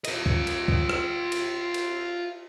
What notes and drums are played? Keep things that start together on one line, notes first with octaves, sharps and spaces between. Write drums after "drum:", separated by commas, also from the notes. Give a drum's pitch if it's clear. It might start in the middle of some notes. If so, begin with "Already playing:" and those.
F4 D#5, drum: cymbal
drum: kick
drum: cymbal
drum: kick
drum: rim click
drum: cymbal
drum: cymbal